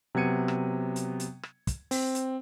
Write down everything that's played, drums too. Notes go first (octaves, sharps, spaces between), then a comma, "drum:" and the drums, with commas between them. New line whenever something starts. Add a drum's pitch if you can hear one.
C3 F#3 B3 G#6 C#7 D#7
drum: rim click
drum: hi-hat
drum: hi-hat
drum: rim click
drum: kick, hi-hat
C4, drum: open hi-hat
drum: hi-hat